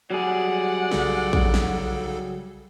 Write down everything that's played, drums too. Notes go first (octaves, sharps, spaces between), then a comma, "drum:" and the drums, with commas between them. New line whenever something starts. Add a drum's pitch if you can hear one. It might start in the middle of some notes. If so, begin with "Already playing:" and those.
F#3 G3 G#4 D5 F#5
B1 C#3 A4, drum: snare
drum: kick
drum: snare